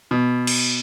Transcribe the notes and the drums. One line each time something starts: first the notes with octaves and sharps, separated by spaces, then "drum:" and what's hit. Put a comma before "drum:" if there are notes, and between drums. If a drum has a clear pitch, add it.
B2
drum: cymbal